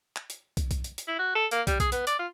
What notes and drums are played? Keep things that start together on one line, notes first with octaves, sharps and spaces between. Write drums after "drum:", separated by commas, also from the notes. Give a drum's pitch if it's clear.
drum: clap
drum: hi-hat
drum: kick, hi-hat
drum: kick, hi-hat
drum: hi-hat
drum: hi-hat
E4
F#4
A4
A#3, drum: hi-hat
G3, drum: kick, hi-hat
G#4, drum: kick, hi-hat
B3, drum: hi-hat
D5, drum: hi-hat
F4